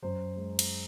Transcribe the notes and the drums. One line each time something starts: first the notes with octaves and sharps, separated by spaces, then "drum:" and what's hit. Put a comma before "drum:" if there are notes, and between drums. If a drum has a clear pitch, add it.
F#2 C5
G#3
drum: cymbal